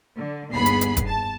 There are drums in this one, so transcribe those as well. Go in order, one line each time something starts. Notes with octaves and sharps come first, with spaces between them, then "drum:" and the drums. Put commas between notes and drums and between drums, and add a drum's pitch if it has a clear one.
D3
G1 D#2 B3 G#4 B5 C7
drum: hi-hat
drum: hi-hat
drum: kick F1, hi-hat
A5